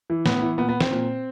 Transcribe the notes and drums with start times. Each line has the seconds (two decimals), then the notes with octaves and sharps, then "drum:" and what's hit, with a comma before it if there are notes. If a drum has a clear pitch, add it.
0.10 E3
0.26 A2 B3, drum: snare
0.42 E3
0.58 A#2 B3
0.69 B3
0.80 C4, drum: snare
0.91 A#2